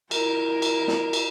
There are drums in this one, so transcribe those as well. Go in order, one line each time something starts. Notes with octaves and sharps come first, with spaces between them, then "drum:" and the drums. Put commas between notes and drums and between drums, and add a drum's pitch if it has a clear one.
E4 A#4, drum: cymbal
drum: cymbal
drum: snare
drum: cymbal